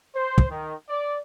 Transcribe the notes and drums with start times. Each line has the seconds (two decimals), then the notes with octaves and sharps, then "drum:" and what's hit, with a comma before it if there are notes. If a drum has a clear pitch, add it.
0.15 C5
0.38 drum: kick
0.49 D#3
0.88 D5